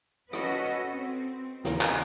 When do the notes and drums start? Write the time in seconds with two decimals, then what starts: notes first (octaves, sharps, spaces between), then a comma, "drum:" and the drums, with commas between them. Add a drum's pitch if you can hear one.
0.33 C#4 F#4 A4 B4 D#5, drum: rim click
0.90 C4
1.65 D#2 C#3 A#4, drum: snare
1.81 drum: clap